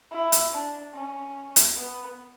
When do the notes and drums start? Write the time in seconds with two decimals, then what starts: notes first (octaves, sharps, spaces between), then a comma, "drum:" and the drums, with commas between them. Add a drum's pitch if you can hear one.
0.12 E4
0.32 drum: hi-hat
0.53 D4
0.94 C#4
1.56 drum: hi-hat
1.76 B3